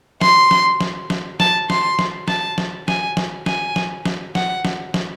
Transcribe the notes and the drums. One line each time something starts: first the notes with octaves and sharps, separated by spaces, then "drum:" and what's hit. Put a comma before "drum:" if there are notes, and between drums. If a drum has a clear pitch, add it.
C6, drum: snare
drum: snare
drum: snare
drum: snare
A5, drum: snare
C6, drum: snare
drum: snare
A5, drum: snare
drum: snare
G#5, drum: snare
drum: snare
G#5, drum: snare
drum: snare
drum: snare
F#5, drum: snare
drum: snare
drum: snare